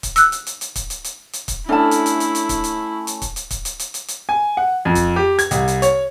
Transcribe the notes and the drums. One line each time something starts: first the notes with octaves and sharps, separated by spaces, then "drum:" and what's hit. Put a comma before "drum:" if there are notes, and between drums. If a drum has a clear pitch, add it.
drum: kick, hi-hat
E6 F#6, drum: hi-hat
drum: hi-hat
drum: hi-hat
drum: hi-hat
drum: kick, hi-hat
drum: hi-hat
drum: hi-hat
drum: hi-hat
drum: kick, hi-hat
A3 C#4 D4 E4 A5
drum: hi-hat
drum: hi-hat
drum: hi-hat
drum: hi-hat
drum: kick, hi-hat
drum: hi-hat
drum: hi-hat
drum: kick, hi-hat
drum: hi-hat
drum: kick, hi-hat
drum: hi-hat
drum: hi-hat
drum: hi-hat
drum: hi-hat
G#5
F#5
F2
drum: kick, hi-hat
G4
G#6, drum: hi-hat
C2, drum: hi-hat
drum: hi-hat
C#5, drum: hi-hat